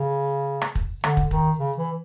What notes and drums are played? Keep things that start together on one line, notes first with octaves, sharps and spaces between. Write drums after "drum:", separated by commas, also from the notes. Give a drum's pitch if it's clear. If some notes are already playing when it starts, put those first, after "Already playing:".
Already playing: C#3
drum: rim click
drum: kick
D3, drum: rim click
drum: kick
D#3, drum: kick
C#3
E3